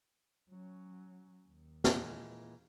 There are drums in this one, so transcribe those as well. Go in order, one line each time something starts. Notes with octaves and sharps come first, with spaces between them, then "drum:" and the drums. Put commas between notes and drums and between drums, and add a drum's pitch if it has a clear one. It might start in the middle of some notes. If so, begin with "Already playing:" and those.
F#3 C#4
D#2
A#2 E3 G#3, drum: snare